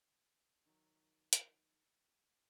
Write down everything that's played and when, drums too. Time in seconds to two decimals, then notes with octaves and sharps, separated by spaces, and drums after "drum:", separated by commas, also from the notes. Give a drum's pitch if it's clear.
0.66 D#3 F#3
1.33 drum: hi-hat